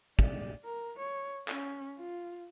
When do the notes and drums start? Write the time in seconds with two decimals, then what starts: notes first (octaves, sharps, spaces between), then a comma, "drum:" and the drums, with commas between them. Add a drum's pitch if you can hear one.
0.19 D5, drum: kick
0.65 A#4
0.98 C#5
1.48 C#4, drum: clap
1.98 F4